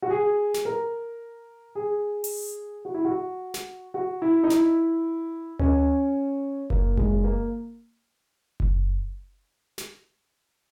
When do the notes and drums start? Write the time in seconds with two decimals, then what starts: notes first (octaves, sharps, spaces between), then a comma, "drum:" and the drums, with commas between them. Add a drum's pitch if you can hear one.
0.02 F#4
0.10 G#4
0.54 drum: snare
0.65 A#4
1.75 G#4
2.24 drum: open hi-hat
2.85 F#4
2.94 E4
3.05 F#4
3.54 drum: snare
3.94 F#4
4.22 E4
4.44 D#4
4.50 E4, drum: snare
5.59 C#4, drum: tom D2
6.70 A#3, drum: kick F#1
6.97 G#3, drum: kick F#1
7.24 A#3
8.60 drum: kick F#1
9.78 drum: snare